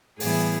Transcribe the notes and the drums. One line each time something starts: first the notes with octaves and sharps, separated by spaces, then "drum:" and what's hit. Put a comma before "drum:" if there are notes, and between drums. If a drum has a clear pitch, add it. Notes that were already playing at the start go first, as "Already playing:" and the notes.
A2 E3 G3 B3 E4 G#4, drum: open hi-hat